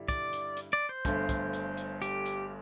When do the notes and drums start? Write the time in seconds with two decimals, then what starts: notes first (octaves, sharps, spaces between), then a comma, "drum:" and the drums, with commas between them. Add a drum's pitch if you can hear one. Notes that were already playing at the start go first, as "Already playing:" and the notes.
Already playing: G2 D3 G3 E4 G4
0.08 D5, drum: kick, hi-hat
0.33 drum: hi-hat
0.57 drum: hi-hat
0.73 D5
0.89 C5
1.05 G1 G2 D3 A3, drum: kick, hi-hat
1.29 drum: kick, hi-hat
1.53 drum: hi-hat
1.77 drum: hi-hat
2.02 G4, drum: hi-hat
2.25 drum: hi-hat